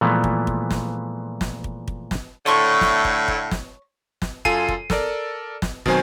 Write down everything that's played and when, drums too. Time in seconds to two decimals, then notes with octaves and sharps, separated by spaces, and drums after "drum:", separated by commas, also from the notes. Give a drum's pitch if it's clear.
0.01 A#2 E3 F3 G#3 A3 B3
0.24 drum: kick
0.47 drum: kick
0.71 drum: snare
1.41 drum: snare
1.64 drum: kick
1.88 drum: kick
2.11 drum: snare
2.46 A2 D3 A3 C#5 C6 C#6
2.81 drum: snare
3.05 drum: kick
3.28 drum: kick
3.51 drum: snare
4.22 drum: snare
4.45 F#2 F4 A4 G#5 C7 D#7, drum: kick
4.68 drum: kick
4.90 A4 A#4 D5, drum: snare
5.62 drum: snare
5.86 B2 D#3 F#3 C4 C5 G#5, drum: kick